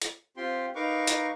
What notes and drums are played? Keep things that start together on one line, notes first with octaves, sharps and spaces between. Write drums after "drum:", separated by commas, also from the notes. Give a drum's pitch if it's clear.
drum: hi-hat
C4 F4 G4 G5 C6
D#4 A#4 B4 F5 C#6 D6
drum: hi-hat